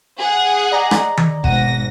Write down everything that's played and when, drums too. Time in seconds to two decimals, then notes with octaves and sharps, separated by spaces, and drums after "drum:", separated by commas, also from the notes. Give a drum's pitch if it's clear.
0.18 G#4 F#5
0.72 D5 D#5 A#5
0.91 drum: rim click
1.17 drum: tom D#3
1.44 G#1 G#2 B2 F#5 A#6 D#7, drum: kick F#1